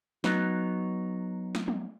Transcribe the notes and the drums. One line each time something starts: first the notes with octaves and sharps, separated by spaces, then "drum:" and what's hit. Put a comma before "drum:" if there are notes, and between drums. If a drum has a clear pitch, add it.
F#3 B3 D#4, drum: snare
drum: snare
drum: tom